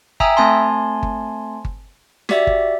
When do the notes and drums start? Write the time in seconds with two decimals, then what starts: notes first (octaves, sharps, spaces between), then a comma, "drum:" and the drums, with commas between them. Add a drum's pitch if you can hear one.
0.20 E5 G5 G#5 A#5 D#6 E6, drum: kick G1
0.37 A3 C4 G#5 A5 C6
1.03 drum: kick G1
1.65 drum: kick G1
2.29 F#4 G4 D5 E5, drum: snare
2.47 drum: kick G1